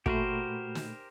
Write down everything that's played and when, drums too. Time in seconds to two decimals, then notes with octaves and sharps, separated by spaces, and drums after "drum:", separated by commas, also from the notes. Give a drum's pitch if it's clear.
0.06 A#2 A3 F#4 G4 A#4 C5 B5, drum: kick
0.75 drum: snare